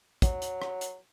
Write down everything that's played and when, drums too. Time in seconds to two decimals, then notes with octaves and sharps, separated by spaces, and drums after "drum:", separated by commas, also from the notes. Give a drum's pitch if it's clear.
0.22 F#3, drum: kick, hi-hat
0.42 drum: hi-hat
0.62 drum: rim click
0.81 drum: hi-hat